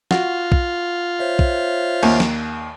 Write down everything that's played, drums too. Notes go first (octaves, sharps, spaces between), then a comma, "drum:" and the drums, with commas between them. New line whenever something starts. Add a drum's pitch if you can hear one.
F4 F#4, drum: snare
drum: kick
C5 C#5 E5
drum: kick
D#2, drum: cymbal
drum: snare